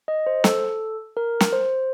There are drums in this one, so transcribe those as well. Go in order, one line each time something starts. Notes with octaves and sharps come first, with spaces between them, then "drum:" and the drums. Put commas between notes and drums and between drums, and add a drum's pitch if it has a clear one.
D#5
C5
A4, drum: snare
A#4
drum: snare
C5